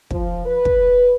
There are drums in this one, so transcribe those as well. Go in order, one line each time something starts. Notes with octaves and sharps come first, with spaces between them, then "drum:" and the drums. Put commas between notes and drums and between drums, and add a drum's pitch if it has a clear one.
F3, drum: kick
B4
drum: kick